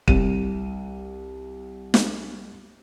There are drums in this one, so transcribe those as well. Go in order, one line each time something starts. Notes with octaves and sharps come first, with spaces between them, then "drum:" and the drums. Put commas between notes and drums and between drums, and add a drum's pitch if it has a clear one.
C2 D#7, drum: kick
drum: snare